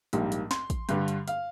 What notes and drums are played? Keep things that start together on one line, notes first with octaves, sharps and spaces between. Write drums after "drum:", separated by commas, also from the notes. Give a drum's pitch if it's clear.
A#1 G#2 G3 A#3, drum: hi-hat
drum: hi-hat
C6, drum: snare
drum: kick, hi-hat
G2 D3 G3, drum: hi-hat
drum: hi-hat
F5, drum: hi-hat